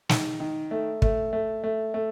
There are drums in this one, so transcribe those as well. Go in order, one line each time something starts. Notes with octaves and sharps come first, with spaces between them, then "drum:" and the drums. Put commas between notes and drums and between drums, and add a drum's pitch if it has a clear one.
D#3, drum: snare
D#3
A3
A3, drum: kick
A3
A3
A3